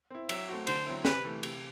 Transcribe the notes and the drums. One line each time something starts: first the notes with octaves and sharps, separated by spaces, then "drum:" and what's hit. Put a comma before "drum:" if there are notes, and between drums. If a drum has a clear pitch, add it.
C4 E4
F#3 E5, drum: cymbal
A3 C4 F#4
D3 C5, drum: cymbal
F#3 C4 E4
C3 B4, drum: snare
E3 A3
C3, drum: cymbal